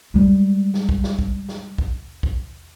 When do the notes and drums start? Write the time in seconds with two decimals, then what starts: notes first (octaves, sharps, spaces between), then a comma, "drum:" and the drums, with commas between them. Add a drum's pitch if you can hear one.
0.14 G3 G#3
0.74 drum: snare
0.89 drum: kick
1.04 drum: snare
1.19 drum: kick
1.49 drum: snare
1.78 drum: kick
2.23 drum: kick